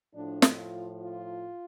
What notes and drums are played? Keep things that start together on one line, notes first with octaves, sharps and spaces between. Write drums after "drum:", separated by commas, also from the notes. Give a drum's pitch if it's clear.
A2 F3 D4
drum: snare
F4
F4